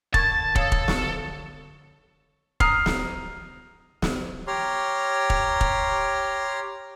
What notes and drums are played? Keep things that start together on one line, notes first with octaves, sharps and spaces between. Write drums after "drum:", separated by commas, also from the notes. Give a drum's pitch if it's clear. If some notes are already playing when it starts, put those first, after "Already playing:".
D3 A#4 A5 C#6 G#6 A6, drum: kick
A4 C#5 F5 D#6, drum: kick
drum: kick
C#6, drum: snare
A#5 D#6 F6 C7, drum: kick
drum: snare
drum: snare
G4 C#5 A#5 C6 F6
drum: kick
drum: kick